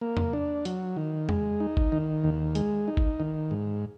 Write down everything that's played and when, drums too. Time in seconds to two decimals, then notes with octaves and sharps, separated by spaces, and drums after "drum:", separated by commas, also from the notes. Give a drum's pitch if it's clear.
0.01 A#3
0.17 drum: tom E2
0.33 D4
0.65 F#3, drum: hi-hat
0.97 D#3
1.29 G#3, drum: tom E2
1.60 D#4
1.77 drum: kick G1
1.92 D#3
2.24 D#2
2.55 G#3, drum: hi-hat
2.88 D#4
2.97 drum: kick G1
3.20 D#3
3.51 G#2